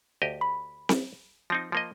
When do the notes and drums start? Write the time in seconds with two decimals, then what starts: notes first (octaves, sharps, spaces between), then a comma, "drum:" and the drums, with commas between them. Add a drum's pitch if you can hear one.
0.22 D2 G4 D#5
0.41 B5
0.89 drum: snare C4
1.50 F3 C4 D#4 A#6
1.72 F3 A#3 D#5